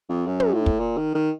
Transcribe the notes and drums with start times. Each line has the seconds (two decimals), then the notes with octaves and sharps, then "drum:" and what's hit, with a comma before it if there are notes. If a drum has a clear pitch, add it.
0.09 F2
0.27 F#2
0.40 drum: tom
0.53 A2
0.66 drum: kick
0.80 A#2
0.97 D#3
1.15 D#3